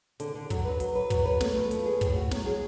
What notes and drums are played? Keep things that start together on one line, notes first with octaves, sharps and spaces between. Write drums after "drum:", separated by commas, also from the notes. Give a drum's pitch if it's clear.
D3, drum: hi-hat
D3
F#3, drum: kick, hi-hat
B4
F#3, drum: hi-hat
B4
F#3, drum: kick, hi-hat
B4
A3, drum: snare
A3
F3, drum: hi-hat
G#4
A2, drum: kick, hi-hat
F#4
F#3, drum: snare
G#4